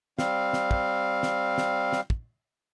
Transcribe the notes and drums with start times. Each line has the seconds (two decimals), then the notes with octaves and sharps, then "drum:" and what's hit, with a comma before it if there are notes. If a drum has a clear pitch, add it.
0.19 G3 C4 F5, drum: snare
0.53 drum: snare
0.71 drum: kick
1.23 drum: snare
1.58 drum: snare
1.93 drum: snare
2.10 drum: kick